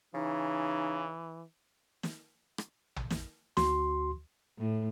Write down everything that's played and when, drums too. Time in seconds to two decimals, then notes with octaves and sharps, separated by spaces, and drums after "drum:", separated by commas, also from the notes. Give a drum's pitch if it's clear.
0.15 C#3 E3 D#4
2.03 drum: snare
2.58 drum: rim click
2.96 drum: tom
3.10 drum: snare
3.57 D2 F#4 C6, drum: snare
4.58 A2